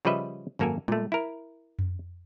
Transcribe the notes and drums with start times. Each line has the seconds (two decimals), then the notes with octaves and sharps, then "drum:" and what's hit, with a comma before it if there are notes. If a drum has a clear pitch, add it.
0.05 C#3 F3 G3 B4 D#5 E5
0.59 G#1 F#2 A#3 A4 A#4 G#5
0.88 A#2 A3, drum: tom G3
1.12 E4 A#4
1.79 drum: tom F2